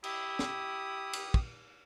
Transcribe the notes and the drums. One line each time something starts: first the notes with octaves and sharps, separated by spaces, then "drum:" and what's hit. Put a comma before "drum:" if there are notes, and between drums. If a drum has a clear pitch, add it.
E4 G4 D#6, drum: cymbal
drum: snare
drum: cymbal
drum: kick